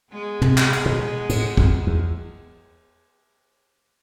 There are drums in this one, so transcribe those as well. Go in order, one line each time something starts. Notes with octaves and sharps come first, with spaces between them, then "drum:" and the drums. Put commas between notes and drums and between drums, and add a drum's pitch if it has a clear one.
G#3 B3
C3, drum: tom
drum: clap
drum: cymbal
B2
A2, drum: cymbal
F2, drum: kick
E2